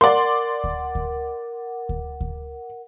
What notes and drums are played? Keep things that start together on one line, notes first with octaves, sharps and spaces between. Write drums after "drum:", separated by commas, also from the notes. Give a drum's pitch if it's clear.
A#4 D5 F#5 C6
drum: kick D2
drum: kick D2
drum: kick D2
drum: kick D2